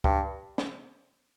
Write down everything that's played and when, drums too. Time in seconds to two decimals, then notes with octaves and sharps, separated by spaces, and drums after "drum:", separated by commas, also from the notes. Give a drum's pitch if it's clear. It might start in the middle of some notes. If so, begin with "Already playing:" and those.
0.04 G2, drum: kick
0.58 drum: snare